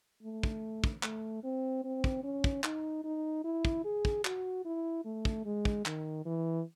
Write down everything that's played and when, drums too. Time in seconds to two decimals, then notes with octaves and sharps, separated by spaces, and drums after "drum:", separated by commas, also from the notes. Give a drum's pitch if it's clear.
0.23 A3
0.43 drum: kick
0.84 drum: kick
1.03 A3, drum: clap
1.44 C4
1.85 C4
2.04 drum: kick
2.24 C#4
2.44 drum: kick
2.64 D#4, drum: clap
3.04 D#4
3.44 E4
3.65 drum: kick
3.85 G#4
4.05 drum: kick
4.25 F#4, drum: clap
4.65 E4
5.05 A3
5.25 drum: kick
5.45 G#3
5.65 drum: kick
5.86 D#3, drum: clap
6.25 E3